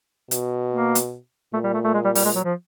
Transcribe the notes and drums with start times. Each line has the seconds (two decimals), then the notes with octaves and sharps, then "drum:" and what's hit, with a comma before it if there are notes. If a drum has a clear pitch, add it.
0.31 B2, drum: hi-hat
0.72 A#3
0.95 drum: hi-hat
1.54 A#2 A3
1.64 G3
1.74 A3
1.84 A3
1.94 G#3
2.05 G3
2.15 G3, drum: open hi-hat
2.25 G#3
2.36 F#3
2.44 F3